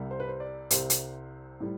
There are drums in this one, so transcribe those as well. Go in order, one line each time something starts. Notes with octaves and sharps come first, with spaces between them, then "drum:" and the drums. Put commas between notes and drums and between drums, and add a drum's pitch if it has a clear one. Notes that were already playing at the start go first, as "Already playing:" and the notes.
Already playing: C2 C3 G3
C5
B4
C5
D5
C2 C3 G3 C5, drum: hi-hat
drum: hi-hat
A2 G3